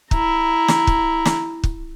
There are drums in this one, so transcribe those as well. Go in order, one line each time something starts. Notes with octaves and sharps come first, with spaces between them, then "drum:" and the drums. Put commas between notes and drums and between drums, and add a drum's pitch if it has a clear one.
E4 A#5, drum: kick
drum: snare
drum: kick
drum: snare
drum: kick